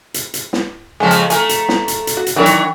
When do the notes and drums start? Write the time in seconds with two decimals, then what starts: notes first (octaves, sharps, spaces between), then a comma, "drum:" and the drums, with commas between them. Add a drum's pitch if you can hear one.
0.14 drum: hi-hat
0.34 drum: hi-hat
0.53 drum: snare
1.00 F2 C#3 F3 G#3 A5
1.11 drum: hi-hat
1.30 A3 A#4 G#5, drum: hi-hat
1.49 drum: hi-hat
1.69 drum: snare
1.88 drum: hi-hat
2.07 drum: hi-hat
2.17 F#4
2.26 drum: hi-hat
2.36 D#3 E3 F#3 D4 A#4 C#5
2.46 drum: hi-hat